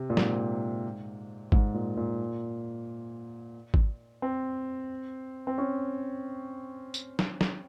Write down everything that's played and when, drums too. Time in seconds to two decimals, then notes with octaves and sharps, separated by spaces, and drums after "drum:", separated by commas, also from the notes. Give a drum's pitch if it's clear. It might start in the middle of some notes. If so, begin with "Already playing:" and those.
Already playing: C3
0.10 A#2
0.17 G#2, drum: snare
1.52 G#2, drum: kick G#1
1.74 A#2
1.97 A#2
3.74 drum: kick G#1
4.22 C4
5.47 C4
5.58 C#4
6.94 drum: tambourine
7.19 drum: snare
7.41 drum: snare